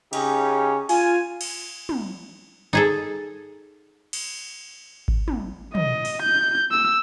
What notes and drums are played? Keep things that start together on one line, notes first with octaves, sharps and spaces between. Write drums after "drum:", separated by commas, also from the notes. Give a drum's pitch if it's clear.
C#3 C#4 D#4 G4, drum: cymbal
F4 G#5, drum: open hi-hat
drum: cymbal
drum: tom
D#4 G#4 A4
drum: cymbal
drum: kick G#1
drum: tom
D#5, drum: tom
drum: open hi-hat
G6
E6